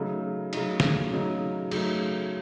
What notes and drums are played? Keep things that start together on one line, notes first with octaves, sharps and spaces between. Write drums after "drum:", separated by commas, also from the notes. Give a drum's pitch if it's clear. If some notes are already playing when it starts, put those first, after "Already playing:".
Already playing: C#3 F#3 A3 D#4
C#3 F#3 A3 D#4, drum: cymbal
drum: snare
C#3 F#3 A3 D#4
C#3 F#3 A3 D#4, drum: cymbal